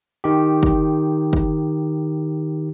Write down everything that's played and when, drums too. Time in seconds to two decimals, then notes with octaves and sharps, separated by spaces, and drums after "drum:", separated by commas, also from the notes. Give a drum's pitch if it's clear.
0.24 D#3 G4
0.63 drum: kick
1.33 drum: kick